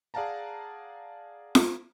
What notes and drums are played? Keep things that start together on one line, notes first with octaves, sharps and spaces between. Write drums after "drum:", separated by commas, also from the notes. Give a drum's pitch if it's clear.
G#4 D5 F5 F#5 A5 A#5
drum: snare F4